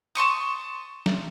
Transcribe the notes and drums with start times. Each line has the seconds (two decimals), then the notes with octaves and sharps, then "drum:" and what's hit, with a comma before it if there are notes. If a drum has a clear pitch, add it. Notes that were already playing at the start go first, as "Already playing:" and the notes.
0.15 A5 C6 C#6 D#6
1.06 drum: snare